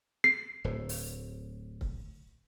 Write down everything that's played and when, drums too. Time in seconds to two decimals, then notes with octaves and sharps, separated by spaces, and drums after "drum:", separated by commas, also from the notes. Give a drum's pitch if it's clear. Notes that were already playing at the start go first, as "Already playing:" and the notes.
0.24 C7
0.64 D1 A2
0.89 drum: open hi-hat
1.81 drum: kick C#1